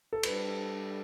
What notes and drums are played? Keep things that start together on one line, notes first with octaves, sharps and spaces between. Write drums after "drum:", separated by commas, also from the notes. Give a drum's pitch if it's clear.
A4
G3 D4 A4 B4, drum: cymbal